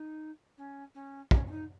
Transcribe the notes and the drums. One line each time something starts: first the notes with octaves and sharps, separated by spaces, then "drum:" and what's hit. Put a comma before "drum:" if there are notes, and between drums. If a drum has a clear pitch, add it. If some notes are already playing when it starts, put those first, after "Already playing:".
Already playing: D#4
C#4
C#4
C#4, drum: kick
C#4
D#4